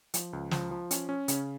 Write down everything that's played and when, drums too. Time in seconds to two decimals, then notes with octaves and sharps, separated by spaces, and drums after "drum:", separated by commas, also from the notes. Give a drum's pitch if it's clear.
0.14 F3, drum: hi-hat
0.33 C#2
0.51 F3, drum: snare
0.71 F3
0.91 C#4, drum: hi-hat
1.09 C#4
1.28 C#3, drum: hi-hat